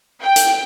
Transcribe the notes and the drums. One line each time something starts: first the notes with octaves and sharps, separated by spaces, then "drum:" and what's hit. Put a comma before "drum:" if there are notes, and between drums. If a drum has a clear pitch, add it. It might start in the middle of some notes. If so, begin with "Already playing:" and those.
G5
drum: hi-hat